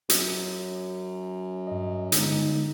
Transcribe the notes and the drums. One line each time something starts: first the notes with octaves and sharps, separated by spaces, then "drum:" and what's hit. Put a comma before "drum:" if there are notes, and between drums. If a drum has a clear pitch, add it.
F#2, drum: hi-hat
G2 D#5
G1 D3 G#3 D#4, drum: hi-hat